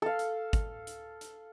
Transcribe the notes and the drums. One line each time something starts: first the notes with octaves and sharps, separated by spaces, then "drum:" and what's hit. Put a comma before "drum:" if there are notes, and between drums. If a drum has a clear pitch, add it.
A4 F5
drum: hi-hat
drum: kick, hi-hat
drum: hi-hat
drum: hi-hat